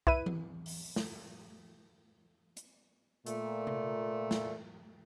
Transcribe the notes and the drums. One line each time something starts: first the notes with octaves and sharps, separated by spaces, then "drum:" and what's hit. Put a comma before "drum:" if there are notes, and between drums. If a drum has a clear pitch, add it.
E4 B4 D#7, drum: kick
drum: tom E3
drum: open hi-hat
drum: snare
drum: hi-hat
A#2 A3, drum: hi-hat
drum: tom C3
drum: snare